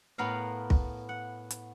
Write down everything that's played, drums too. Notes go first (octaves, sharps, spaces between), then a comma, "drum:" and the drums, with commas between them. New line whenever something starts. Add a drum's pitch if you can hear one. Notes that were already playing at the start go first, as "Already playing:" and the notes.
A2 B3 A#4 F5
drum: kick
F#5
drum: hi-hat